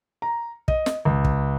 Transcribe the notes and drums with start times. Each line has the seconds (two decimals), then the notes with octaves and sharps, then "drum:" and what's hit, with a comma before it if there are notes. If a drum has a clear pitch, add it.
0.22 A#5
0.68 D#5, drum: kick
0.86 drum: snare
1.05 C#2
1.25 drum: kick